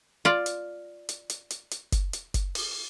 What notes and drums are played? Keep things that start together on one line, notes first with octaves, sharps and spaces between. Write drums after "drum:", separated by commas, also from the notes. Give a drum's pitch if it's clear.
F4 D5
drum: hi-hat
drum: hi-hat
drum: hi-hat
drum: hi-hat
drum: hi-hat
drum: kick F#1, hi-hat
drum: hi-hat
drum: kick F#1, hi-hat
drum: open hi-hat